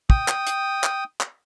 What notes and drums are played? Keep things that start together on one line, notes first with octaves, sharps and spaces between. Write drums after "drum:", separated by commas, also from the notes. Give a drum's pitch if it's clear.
G5 D#6, drum: kick
drum: clap
drum: hi-hat
drum: clap
drum: clap